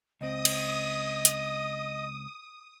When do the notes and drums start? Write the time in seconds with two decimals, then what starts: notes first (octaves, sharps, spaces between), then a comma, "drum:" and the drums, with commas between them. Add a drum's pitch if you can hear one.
0.21 C#2 C4 D#5 D#6
0.45 drum: cymbal
1.25 drum: hi-hat